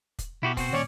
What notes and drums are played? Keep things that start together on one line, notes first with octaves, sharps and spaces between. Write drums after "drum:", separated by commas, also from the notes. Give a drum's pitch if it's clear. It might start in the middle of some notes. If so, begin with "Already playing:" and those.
drum: kick, hi-hat
B2 E4 F#4 G4
C4 F#4 C5, drum: kick, open hi-hat
D#2 A#2 C#4 C#5 D5